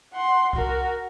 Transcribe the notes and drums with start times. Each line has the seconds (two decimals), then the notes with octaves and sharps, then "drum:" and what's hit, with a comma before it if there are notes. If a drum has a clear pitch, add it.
0.13 F#5 C6
0.53 F#4 A#4, drum: kick C2